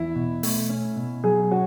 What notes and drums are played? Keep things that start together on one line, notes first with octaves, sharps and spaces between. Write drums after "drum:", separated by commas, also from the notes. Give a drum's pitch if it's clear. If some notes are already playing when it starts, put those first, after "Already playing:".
Already playing: E2 E4
B2
A3, drum: open hi-hat
C#4
B2
F#3 G#4
C#4 F#4